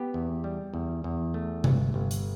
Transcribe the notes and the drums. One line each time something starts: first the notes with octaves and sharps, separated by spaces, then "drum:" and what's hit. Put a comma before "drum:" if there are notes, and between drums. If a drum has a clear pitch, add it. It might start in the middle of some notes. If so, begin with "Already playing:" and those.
Already playing: B3 G4
E2
G3
E2
E2
A3
G1, drum: tom C3
G1
drum: hi-hat